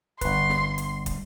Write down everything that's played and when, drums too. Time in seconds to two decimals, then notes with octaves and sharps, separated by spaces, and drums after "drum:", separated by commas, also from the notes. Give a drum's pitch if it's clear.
0.21 G1 B4 C6, drum: kick, hi-hat
0.50 drum: snare
0.78 drum: hi-hat
1.06 drum: kick, hi-hat